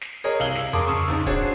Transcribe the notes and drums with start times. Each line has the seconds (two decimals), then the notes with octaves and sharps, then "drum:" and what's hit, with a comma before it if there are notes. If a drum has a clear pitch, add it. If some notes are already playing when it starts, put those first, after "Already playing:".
0.01 drum: snare
0.24 G#4 A#4 C#5 D#5
0.40 C2 F5 E6 F#7 G7
0.55 drum: snare
0.73 G#4 A#4 A5 C6 D6 D#6, drum: tom F2
0.87 C#3 C#6 D#6 E6
1.08 C#2 G#2 C#3
1.27 D4 F#4 G#4 C5 C#5, drum: kick